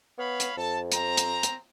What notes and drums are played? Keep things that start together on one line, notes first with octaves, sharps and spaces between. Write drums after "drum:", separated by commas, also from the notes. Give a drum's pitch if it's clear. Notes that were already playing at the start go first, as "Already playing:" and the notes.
B3 C#5 F5 B5
drum: hi-hat
F2 A4 A5
C4 A#5, drum: hi-hat
drum: hi-hat
drum: hi-hat